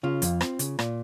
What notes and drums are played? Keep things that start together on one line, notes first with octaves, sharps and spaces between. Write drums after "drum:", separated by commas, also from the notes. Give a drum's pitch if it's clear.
C#3 F4
F2, drum: hi-hat
C4, drum: rim click
C#3, drum: hi-hat
A#2, drum: rim click